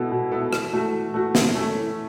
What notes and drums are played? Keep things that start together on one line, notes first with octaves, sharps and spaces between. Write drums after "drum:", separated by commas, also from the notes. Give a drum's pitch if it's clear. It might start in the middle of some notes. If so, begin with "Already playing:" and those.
Already playing: B2 B3 E4 A4
B2
B3 E4 A4
E3, drum: rim click
A3 F#4
E3
A3 F#4
E3, drum: snare
A3 C#4 A4
E3